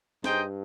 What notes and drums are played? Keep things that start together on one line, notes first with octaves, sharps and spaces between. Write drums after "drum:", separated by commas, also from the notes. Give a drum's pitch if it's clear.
G2 D#4 G#4 C5 D#5 G5, drum: snare